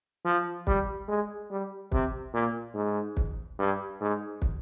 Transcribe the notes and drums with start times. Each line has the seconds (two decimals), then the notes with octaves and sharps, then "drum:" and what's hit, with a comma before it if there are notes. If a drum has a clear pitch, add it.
0.25 F3
0.67 G3, drum: kick
1.08 G#3
1.50 G3
1.92 C3, drum: kick
2.34 A#2
2.75 G#2
3.17 drum: kick
3.59 G2
4.01 G#2
4.42 drum: kick